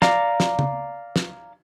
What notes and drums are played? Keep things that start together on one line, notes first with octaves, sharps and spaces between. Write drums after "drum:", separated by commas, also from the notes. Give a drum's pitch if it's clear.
D5 F5 A#5, drum: snare
drum: snare
drum: tom
drum: snare